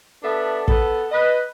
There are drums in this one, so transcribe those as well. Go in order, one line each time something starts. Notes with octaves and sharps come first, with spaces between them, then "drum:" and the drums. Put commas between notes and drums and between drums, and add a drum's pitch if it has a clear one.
B3 D4 A4 B4 E5
B3 A4, drum: kick
B4 D#5